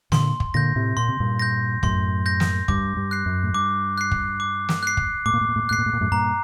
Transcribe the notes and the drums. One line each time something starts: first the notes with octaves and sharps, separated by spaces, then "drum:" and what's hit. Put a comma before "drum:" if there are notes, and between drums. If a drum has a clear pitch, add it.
A#2 D3 C6, drum: snare
drum: kick
A#2 D3 G6 A#6
A2 C3
A#2 C6
C3
G2 A#2
G6 A#6
F#2 A2 C6, drum: kick
G6 A#6
drum: snare
G2 D6, drum: kick
G2
F#6 C7
F#2
A2
G2 D6
F#6 C7
drum: kick
D6
drum: snare
F#6 C7
drum: kick
A2 D6
A#2
A2
A#2
A2
A#2
A2 F#6 C7
A#2
A2
A#2
F#2 A2
G2 A#2 A#5